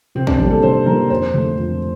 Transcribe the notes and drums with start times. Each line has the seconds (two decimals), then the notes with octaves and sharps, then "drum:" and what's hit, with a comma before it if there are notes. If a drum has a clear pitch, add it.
0.15 C3 C4
0.27 D4, drum: kick A1
0.39 D#3 G3 A#3 D4
0.50 A4
0.62 C3 C5
0.86 D#3 G3 A#3 A#4
1.10 F2 C5
1.34 D3 A3
1.58 F2